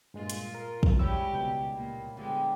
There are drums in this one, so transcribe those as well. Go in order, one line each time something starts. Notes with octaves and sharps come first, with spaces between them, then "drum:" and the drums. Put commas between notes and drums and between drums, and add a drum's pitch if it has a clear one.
G2 A#2 G#3 F4
drum: hi-hat
A#4
drum: kick
G3 G#3 E4 G4 C#5 E6
C#2 B2 G5
A#2 A#3
D3 G#3 B3 G4